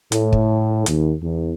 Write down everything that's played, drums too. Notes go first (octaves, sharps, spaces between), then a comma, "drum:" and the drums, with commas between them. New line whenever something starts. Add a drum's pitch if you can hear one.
A2, drum: hi-hat
drum: kick
D#2, drum: hi-hat
E2